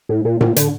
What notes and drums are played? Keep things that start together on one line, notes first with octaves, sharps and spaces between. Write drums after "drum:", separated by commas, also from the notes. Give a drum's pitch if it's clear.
A2
A#2
A#2, drum: tom A2
D3, drum: hi-hat